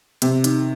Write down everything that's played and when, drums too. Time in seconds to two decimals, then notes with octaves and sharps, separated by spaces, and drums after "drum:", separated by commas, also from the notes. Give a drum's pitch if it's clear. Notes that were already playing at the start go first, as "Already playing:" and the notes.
0.22 C3, drum: hi-hat
0.44 D#3, drum: hi-hat